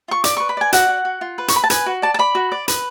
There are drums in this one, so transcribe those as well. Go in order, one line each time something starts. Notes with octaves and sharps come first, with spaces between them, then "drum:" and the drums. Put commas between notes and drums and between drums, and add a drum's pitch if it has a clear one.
F4 C#6
D5 D6, drum: hi-hat
B4 C#6
B5
D5 G#5
F#4 F#5, drum: hi-hat
F#4
F#4
F4
B4
C#6, drum: hi-hat
B4 B5
A5
B4 G#5, drum: hi-hat
F#4
D5 A5
A5
D5 B5
F#4
D5
B4, drum: hi-hat